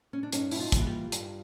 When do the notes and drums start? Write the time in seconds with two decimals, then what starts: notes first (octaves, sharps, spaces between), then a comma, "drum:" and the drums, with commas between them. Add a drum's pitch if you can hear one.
0.13 C#4
0.23 D4
0.32 G2 C#4 D#4, drum: hi-hat
0.51 E4, drum: open hi-hat
0.59 D#4 F4
0.72 E3 G3 A#3, drum: kick, hi-hat
0.81 F#4
0.87 F4 G4
1.12 G2, drum: hi-hat